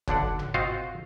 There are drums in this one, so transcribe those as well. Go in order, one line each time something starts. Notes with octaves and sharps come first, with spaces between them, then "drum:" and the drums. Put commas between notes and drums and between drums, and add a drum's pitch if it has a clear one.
B1 D3 D4 F#5, drum: kick F#1
drum: tom G1
C4 F4 F#4 C5 D#5 F5